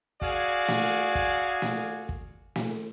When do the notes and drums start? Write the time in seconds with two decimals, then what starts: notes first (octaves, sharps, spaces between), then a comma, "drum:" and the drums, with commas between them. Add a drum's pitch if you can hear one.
0.22 F#4 G#4 D5 F5 G#5, drum: kick
0.68 drum: snare
1.15 drum: kick
1.62 drum: snare
2.09 drum: kick
2.56 drum: snare